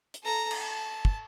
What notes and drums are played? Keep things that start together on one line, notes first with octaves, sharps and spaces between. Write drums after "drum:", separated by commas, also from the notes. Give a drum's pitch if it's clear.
drum: hi-hat
A4 A#5
drum: cymbal
A5
drum: kick